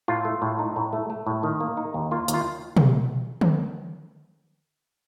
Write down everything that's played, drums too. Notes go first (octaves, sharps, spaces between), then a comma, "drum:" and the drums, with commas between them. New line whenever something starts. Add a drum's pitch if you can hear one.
A2 F4
A3
A2
D#4
A2
A3
A3
A2
D#3
A#3
D#4
D#2
A#3 F4
D#2, drum: hi-hat
F4
drum: tom
drum: tom D3